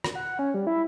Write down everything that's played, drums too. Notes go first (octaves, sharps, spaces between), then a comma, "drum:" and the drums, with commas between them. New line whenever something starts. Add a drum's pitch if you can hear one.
drum: rim click
F#5
C#4
G3
E4